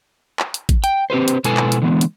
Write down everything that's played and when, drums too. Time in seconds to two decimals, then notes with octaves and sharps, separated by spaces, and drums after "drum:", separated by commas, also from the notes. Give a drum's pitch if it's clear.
0.40 drum: clap
0.54 drum: hi-hat
0.69 drum: kick G#1, hi-hat
0.84 G5, drum: hi-hat
1.10 C4 G4 B4 C5
1.28 drum: hi-hat
1.44 B2 G#3 E4 A4 B4 G#5, drum: hi-hat
1.57 drum: clap
1.72 drum: hi-hat
1.82 D3 E3 G#3 B3
2.01 drum: hi-hat